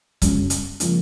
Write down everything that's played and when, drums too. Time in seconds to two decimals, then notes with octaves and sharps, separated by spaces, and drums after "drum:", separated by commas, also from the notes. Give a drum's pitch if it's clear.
0.22 G1 F#2 C#3, drum: kick C#1, hi-hat
0.50 drum: hi-hat
0.80 C#3 F3 A#3 C#4, drum: hi-hat